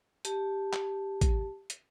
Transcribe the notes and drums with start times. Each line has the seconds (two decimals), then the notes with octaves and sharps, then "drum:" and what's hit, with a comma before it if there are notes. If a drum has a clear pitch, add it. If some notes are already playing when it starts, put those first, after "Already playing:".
0.25 G4 A5, drum: hi-hat
0.73 drum: clap
1.21 drum: kick, hi-hat
1.70 drum: hi-hat